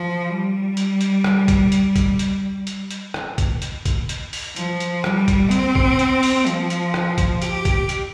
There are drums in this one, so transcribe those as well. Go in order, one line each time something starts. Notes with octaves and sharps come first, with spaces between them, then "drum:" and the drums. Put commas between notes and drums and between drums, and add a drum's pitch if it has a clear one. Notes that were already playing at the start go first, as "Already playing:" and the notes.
Already playing: F3
G3
drum: hi-hat
drum: hi-hat
drum: rim click
drum: kick, hi-hat
drum: hi-hat
drum: kick, hi-hat
drum: hi-hat
drum: hi-hat
drum: hi-hat
drum: rim click
drum: kick, hi-hat
drum: hi-hat
drum: kick, hi-hat
drum: hi-hat
drum: open hi-hat
F3, drum: hi-hat
drum: hi-hat
G3, drum: rim click
drum: kick, hi-hat
C4, drum: hi-hat
drum: kick
drum: hi-hat
drum: open hi-hat
F3, drum: hi-hat
drum: hi-hat
drum: rim click
drum: kick, hi-hat
G4, drum: hi-hat
drum: kick, hi-hat
drum: hi-hat